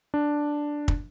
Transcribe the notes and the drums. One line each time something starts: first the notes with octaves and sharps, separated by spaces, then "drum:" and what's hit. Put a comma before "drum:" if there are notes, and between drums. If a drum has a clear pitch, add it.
D4
drum: kick